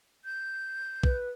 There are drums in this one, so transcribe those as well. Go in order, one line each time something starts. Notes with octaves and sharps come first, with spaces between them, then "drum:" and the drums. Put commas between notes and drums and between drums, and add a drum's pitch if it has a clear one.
G6
B4, drum: kick